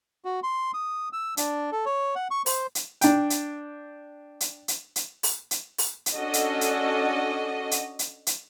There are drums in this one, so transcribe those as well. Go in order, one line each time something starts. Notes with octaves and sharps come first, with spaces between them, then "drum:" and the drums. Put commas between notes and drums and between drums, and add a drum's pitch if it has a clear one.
F#4
C6
D#6
E6
D4, drum: hi-hat
A4
C#5
F#5
C#6
C5, drum: open hi-hat
drum: hi-hat
D4 G5, drum: hi-hat
drum: hi-hat
drum: hi-hat
drum: hi-hat
drum: hi-hat
drum: open hi-hat
drum: hi-hat
drum: open hi-hat
drum: hi-hat
C#4 D4 F#4 A4 D#5
drum: hi-hat
drum: hi-hat
drum: hi-hat
drum: hi-hat
drum: hi-hat